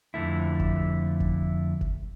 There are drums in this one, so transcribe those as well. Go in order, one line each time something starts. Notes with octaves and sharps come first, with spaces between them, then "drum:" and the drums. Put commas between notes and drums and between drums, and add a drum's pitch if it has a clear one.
F2 D3 A3 E4
drum: kick F1
drum: kick F1
drum: kick F1